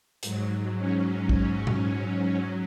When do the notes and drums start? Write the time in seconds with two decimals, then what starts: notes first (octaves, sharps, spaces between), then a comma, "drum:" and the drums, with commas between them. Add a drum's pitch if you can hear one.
0.23 G#2 F#3, drum: hi-hat
0.77 C#4
1.29 C#4, drum: kick
1.67 drum: tom A#2
2.36 F#3